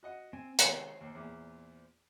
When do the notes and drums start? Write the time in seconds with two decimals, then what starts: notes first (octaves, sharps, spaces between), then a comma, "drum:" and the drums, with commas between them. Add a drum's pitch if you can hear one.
0.03 F#4 D#5 F#5
0.33 C4 G#5
0.59 C3 D#3 G#3 C5 C#5 C6, drum: hi-hat
1.01 D#2
1.15 E2 A#2